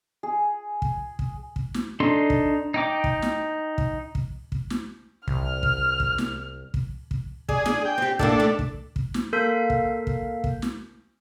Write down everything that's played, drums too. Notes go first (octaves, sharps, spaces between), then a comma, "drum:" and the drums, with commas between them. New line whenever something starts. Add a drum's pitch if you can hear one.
G#4
drum: kick
drum: kick
drum: kick
drum: snare
D4 D#4 A4 C6
drum: kick
D#4 G5 D6
drum: kick
drum: snare
drum: kick
drum: kick
drum: kick
drum: snare
C2 F6, drum: kick
drum: kick
drum: kick
drum: snare
drum: kick
drum: kick
G#4 D5, drum: kick
D4, drum: snare
G5
C4 G4
A2 D3 A#3 D4 A4, drum: kick
A3
drum: kick
drum: kick
drum: snare
A#3 A4 A#4 F5 G6 B6
drum: kick
drum: kick
drum: kick
drum: snare